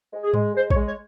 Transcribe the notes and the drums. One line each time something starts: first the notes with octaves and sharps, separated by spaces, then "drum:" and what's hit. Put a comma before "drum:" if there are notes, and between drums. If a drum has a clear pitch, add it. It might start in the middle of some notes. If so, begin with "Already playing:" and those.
G#3
G#4
G#3, drum: tom G#2
G#3 C5
C#5, drum: kick
G#3
C#5